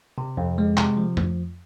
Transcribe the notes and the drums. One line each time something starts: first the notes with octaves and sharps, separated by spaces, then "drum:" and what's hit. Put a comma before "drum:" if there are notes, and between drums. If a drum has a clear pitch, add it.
C3
F2
G#3
C3, drum: clap
F3
drum: tom F2